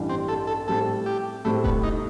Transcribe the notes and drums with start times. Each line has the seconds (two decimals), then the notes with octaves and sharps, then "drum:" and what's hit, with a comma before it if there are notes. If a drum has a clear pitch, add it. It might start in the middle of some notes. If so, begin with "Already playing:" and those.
Already playing: A1 G2 E3 G3
0.09 C4
0.28 A4
0.47 A4
0.67 A2 G3 C4 A4
1.06 G4
1.45 A2 G3 A3 C4
1.64 B3, drum: kick D#1
1.83 D#4